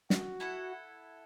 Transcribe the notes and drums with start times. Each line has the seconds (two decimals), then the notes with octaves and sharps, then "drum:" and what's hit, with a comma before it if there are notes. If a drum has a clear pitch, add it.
0.10 F#4, drum: snare
0.40 E4 A4 F#5